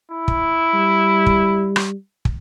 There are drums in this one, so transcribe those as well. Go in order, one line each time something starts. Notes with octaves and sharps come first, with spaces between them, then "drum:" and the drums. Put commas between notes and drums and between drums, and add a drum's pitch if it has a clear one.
E4
drum: kick
G3
drum: kick
drum: rim click
drum: kick